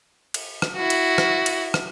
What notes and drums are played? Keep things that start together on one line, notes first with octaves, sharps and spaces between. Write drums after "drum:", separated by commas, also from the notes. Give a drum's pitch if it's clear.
drum: cymbal
drum: rim click
E4 F#4
drum: cymbal
drum: rim click
drum: cymbal
drum: rim click